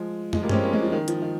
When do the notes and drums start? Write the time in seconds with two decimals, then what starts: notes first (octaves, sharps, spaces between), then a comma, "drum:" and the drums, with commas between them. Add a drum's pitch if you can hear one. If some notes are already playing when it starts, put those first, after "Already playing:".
Already playing: F3 G#3
0.33 F3 G#3, drum: tom
0.43 G3 A#3
0.49 C#4, drum: tom G2
0.53 G#3 C4
0.62 A#3 C#4
0.73 G#3 C4
0.82 F3
0.92 D#3
1.08 F3, drum: hi-hat
1.22 D#3